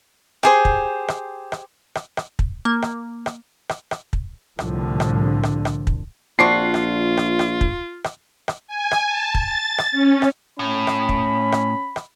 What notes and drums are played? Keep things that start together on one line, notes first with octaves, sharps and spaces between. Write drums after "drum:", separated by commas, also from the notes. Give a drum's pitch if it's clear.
G4 G#4 C5, drum: rim click
drum: kick
drum: rim click
drum: rim click
drum: rim click
drum: rim click
drum: kick
A#3
drum: rim click
drum: rim click
drum: rim click
drum: rim click
drum: kick
C2 A2 D3 F3, drum: rim click
drum: rim click
drum: rim click
drum: rim click
drum: kick
A#1 C4 D4 F4 F#4 C7
drum: rim click
drum: rim click
drum: rim click
drum: kick
drum: rim click
drum: rim click
G#5
drum: rim click
A5
A6, drum: kick
drum: rim click
C#4
drum: rim click
A2 C#4 B5
drum: rim click
drum: kick
drum: rim click
drum: rim click